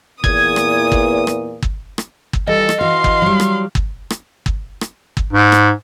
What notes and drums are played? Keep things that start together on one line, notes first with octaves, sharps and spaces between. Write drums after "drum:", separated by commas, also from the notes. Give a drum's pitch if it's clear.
E2 A#2 D#6 G#6, drum: kick
drum: rim click
drum: kick
drum: rim click
drum: kick
drum: rim click
drum: kick
E3 G3 F4 A4 D#5
drum: rim click
E3 F#4 F5 C6
drum: kick
F#3 G3
drum: rim click
drum: kick
drum: rim click
drum: kick
drum: rim click
drum: kick
G#2
drum: rim click